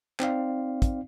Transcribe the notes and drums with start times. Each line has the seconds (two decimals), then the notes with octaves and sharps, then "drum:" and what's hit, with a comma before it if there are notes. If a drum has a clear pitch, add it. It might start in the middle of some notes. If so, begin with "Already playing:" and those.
0.20 C4 D#4 D5 F5, drum: clap
0.82 drum: kick, hi-hat